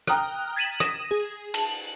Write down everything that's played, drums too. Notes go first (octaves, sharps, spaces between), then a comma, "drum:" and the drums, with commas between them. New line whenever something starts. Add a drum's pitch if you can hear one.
G5 A#5 D#6 F6 F#6, drum: rim click
G#6 A6 B6 D#7 E7 F#7
D#6 A#6 D#7 E7, drum: rim click
G#4
A5 F#7, drum: cymbal